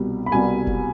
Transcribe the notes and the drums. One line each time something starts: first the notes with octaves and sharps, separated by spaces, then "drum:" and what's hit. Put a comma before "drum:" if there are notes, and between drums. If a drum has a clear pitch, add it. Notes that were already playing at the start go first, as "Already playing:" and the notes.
Already playing: C2 B2 G3
B5
C2 B2 G3 G#5
drum: kick F1